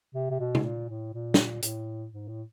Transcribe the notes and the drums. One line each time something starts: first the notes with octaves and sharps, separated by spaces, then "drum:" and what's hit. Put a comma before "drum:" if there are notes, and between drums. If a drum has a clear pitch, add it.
C3
C3
B2
drum: tom
A#2
A2
A#2
drum: snare
A2, drum: hi-hat
G#2
A2